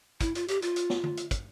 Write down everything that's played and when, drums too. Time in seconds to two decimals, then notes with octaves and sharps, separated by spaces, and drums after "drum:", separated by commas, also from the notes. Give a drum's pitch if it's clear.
0.21 E4, drum: kick, hi-hat
0.35 F4, drum: hi-hat
0.48 G4, drum: hi-hat
0.62 F4, drum: hi-hat
0.76 drum: hi-hat
0.90 drum: snare
1.04 drum: tom D3
1.17 drum: hi-hat
1.31 drum: kick, hi-hat